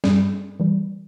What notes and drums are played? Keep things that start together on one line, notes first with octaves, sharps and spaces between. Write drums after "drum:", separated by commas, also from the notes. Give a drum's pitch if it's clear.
G2 G3, drum: snare
E3 G3